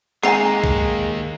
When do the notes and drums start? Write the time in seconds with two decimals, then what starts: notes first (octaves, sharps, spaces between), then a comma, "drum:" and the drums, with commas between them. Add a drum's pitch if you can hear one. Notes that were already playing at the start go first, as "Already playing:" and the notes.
0.23 D#3 G#3 A#3 C4 G5 G#5 A#5 C7
0.64 drum: kick B1